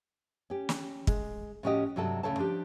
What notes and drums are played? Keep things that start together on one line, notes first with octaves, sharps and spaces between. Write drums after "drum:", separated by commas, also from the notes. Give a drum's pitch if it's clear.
C#4 G4
drum: snare
G#3, drum: kick
A2 F3 C#4 F#4 G4 D#5
G2 C3 F#3 F#4 A4 A5
D2 A2 C#3 A4 C#5 A5
F3 D4 G4